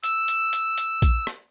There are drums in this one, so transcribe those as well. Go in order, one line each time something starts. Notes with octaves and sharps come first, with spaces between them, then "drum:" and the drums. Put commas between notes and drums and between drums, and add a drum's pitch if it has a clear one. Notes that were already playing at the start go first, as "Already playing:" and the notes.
E6, drum: hi-hat
drum: hi-hat
drum: hi-hat
drum: hi-hat
drum: kick A#1, hi-hat
drum: rim click